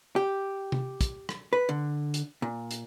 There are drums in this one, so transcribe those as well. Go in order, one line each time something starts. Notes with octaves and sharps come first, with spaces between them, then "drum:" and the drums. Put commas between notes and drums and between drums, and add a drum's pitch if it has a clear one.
G4
drum: tom C3
drum: kick, hi-hat
drum: rim click
B4
D3
drum: hi-hat
A#2
drum: hi-hat